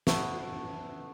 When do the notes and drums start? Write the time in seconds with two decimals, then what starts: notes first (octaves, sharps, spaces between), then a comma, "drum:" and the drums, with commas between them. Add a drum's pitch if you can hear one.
0.07 A3 B3, drum: snare